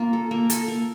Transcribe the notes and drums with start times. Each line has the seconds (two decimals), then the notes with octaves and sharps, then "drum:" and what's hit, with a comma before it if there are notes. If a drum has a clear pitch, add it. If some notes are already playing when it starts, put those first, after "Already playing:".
Already playing: A#3 F4
0.13 A4
0.31 A#3
0.50 A4, drum: hi-hat
0.68 A#3